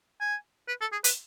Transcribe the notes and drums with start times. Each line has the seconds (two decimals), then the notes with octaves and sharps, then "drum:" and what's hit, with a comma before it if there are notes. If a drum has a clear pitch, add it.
0.21 G#5
0.68 B4
0.81 A4
0.92 G#4
1.04 B4, drum: hi-hat